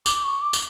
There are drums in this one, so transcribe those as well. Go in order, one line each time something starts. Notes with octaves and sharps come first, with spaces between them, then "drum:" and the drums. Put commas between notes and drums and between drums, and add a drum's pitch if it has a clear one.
D6, drum: tambourine
C#6
D6
drum: tambourine